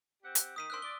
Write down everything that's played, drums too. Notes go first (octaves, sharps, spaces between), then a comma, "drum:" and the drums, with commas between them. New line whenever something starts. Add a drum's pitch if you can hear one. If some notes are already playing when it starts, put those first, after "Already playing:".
C4 G4 F#5
drum: hi-hat
D#3 D#6 B6 D#7
C4 D4 A#4 C6 E6 F#6
D5 G7